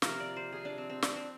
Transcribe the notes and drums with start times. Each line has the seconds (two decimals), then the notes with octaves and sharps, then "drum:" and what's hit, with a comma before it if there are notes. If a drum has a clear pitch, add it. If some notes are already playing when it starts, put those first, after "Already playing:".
0.02 C3 F3 A#3 A#4, drum: snare
0.20 D5
0.36 C5
0.53 G#4
0.65 D4
0.78 C4
0.90 C4
1.02 D4, drum: snare
1.15 C4